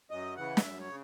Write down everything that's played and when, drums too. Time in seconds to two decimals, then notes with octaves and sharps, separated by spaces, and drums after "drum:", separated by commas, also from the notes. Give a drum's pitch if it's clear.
0.11 F#2 D#5
0.37 C#3 E3 F#5
0.57 D#5, drum: snare
0.62 F#2 E5
0.80 C#5
0.88 C#3